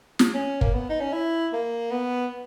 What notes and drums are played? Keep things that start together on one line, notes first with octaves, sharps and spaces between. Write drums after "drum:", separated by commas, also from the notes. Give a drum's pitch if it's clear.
drum: snare
C#4
A#3, drum: kick
B3
D#4
C#4
E4
A#3
B3